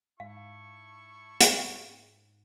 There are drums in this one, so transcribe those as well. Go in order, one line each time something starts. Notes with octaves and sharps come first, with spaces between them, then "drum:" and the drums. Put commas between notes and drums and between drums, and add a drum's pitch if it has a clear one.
G#2 E4 F5 A5 C#6
drum: hi-hat